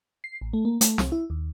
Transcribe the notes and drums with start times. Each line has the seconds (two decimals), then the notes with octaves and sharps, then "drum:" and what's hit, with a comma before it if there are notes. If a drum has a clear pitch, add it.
0.24 C7
0.41 A1
0.53 A3
0.65 A#3
0.81 A3, drum: hi-hat
0.98 C2, drum: snare
1.12 E4
1.30 D#2